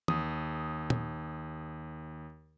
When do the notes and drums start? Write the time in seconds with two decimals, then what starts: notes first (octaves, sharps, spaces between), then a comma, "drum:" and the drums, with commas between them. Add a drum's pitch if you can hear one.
0.08 D#2 D#6, drum: tom
0.90 drum: tom